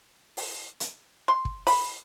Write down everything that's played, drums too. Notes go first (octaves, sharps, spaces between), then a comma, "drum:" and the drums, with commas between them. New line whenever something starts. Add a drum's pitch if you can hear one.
drum: open hi-hat
drum: hi-hat
C6
drum: kick
B5, drum: open hi-hat